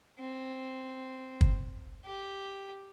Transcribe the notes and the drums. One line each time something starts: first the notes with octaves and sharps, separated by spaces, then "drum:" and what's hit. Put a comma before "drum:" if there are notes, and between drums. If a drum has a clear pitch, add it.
C4
drum: kick
G4